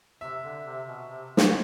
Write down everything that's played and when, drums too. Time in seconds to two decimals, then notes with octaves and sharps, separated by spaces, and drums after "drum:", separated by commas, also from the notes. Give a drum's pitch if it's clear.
0.21 C3 E5
0.43 D3
0.65 C3
0.87 B2
1.09 C3
1.37 drum: snare